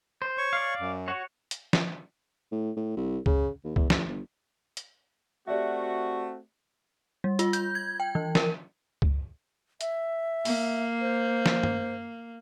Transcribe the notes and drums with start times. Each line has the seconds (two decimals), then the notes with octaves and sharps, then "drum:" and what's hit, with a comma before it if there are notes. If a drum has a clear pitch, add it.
0.22 C5
0.38 C#5 C#6
0.53 D5 F5
0.80 F#2
1.08 F#4 C#5
1.51 drum: hi-hat
1.73 drum: snare
2.52 A2
2.77 A2
2.97 C2
3.26 C#3, drum: kick C#2
3.64 D#2
3.76 E2, drum: kick C#2
3.90 A1, drum: snare
4.08 G1
4.77 drum: hi-hat
5.48 A3 C4 F#4 G4 D5 E5
7.24 G3
7.39 F4, drum: hi-hat
7.53 G6, drum: hi-hat
7.75 G#6
8.00 G5
8.15 E3
8.35 A#4, drum: snare
9.02 drum: kick C#2
9.81 E5, drum: hi-hat
10.45 A#3, drum: open hi-hat
11.01 C5
11.46 drum: snare
11.63 drum: tom